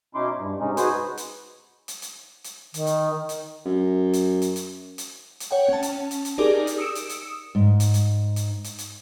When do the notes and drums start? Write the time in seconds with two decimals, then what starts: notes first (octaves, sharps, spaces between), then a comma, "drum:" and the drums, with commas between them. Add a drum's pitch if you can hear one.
0.15 B2 C#4 D#4 E4 C6 D6
0.38 G2
0.60 G#2 C3 G#3 C#4 D#4
0.77 D#4 F#4 G#4 B4 C5 G#5, drum: hi-hat
1.18 drum: hi-hat
1.88 drum: hi-hat
2.02 drum: hi-hat
2.44 drum: hi-hat
2.74 D#3, drum: hi-hat
2.87 drum: hi-hat
3.29 drum: hi-hat
3.66 F#2
4.13 drum: hi-hat
4.42 drum: hi-hat
4.56 drum: hi-hat
4.98 drum: hi-hat
5.40 drum: hi-hat
5.51 C#5 F#5 G5
5.68 C#4 A5
5.83 drum: hi-hat
6.11 drum: hi-hat
6.25 drum: hi-hat
6.38 D#4 G4 G#4 A#4 D5 D6
6.67 drum: hi-hat
6.78 D#6 E6 C#7 D7 E7
6.95 drum: hi-hat
7.09 drum: hi-hat
7.55 G#2
7.80 drum: hi-hat
7.94 drum: hi-hat
8.36 drum: hi-hat
8.64 drum: hi-hat
8.79 drum: hi-hat